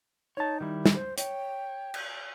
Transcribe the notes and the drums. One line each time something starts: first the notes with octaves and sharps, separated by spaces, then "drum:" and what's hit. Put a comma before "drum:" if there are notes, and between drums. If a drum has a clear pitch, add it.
D#4 C#5 A5
D#3 G3 E4
drum: snare
C5
C#5 G5, drum: hi-hat
drum: cymbal